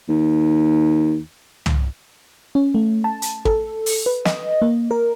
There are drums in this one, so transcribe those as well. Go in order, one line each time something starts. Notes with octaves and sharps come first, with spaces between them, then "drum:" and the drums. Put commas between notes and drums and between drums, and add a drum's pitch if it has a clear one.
D#2
drum: tom
C#4
A3
A5
drum: hi-hat
A4, drum: kick
drum: open hi-hat
B4
D#5, drum: snare
A#3
A#4